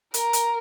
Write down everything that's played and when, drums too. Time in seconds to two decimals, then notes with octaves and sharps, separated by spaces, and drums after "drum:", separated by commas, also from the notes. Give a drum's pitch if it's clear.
0.14 A#4, drum: hi-hat
0.33 drum: hi-hat